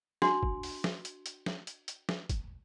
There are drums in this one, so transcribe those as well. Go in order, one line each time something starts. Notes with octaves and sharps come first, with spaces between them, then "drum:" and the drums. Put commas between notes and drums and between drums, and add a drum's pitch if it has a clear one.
D4 F#4 C6, drum: snare
drum: kick
drum: open hi-hat
drum: snare
drum: hi-hat
drum: hi-hat
drum: snare
drum: hi-hat
drum: hi-hat
drum: snare
drum: kick, hi-hat